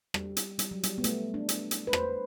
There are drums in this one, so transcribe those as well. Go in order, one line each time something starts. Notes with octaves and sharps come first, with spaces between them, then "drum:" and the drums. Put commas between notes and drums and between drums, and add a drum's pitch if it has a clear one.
G3, drum: rim click
drum: hi-hat
G3, drum: hi-hat
F#3
G3, drum: hi-hat
B3
A3, drum: hi-hat
D4
drum: hi-hat
drum: hi-hat
B4
C5, drum: rim click